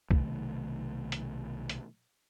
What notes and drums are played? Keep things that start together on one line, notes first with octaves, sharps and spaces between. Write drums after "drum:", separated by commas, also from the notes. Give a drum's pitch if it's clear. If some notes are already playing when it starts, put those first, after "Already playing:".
B1 C3 D#3 A3, drum: kick
drum: hi-hat
drum: hi-hat